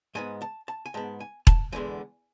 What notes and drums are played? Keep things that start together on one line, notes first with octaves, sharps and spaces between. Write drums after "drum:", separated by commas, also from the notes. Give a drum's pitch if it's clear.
G#2 G#3 B3 G#5
A5
A5
G#5
G#2 G#3 B3 A5
G#5
A5, drum: kick E1
E2 D3 G#3 B3 G#5